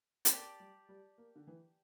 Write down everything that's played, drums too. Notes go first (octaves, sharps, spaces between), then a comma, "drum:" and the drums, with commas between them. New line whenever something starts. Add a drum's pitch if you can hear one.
C4, drum: hi-hat
A#3 G4 D5 A5
G3
G3
A#3
D3
E3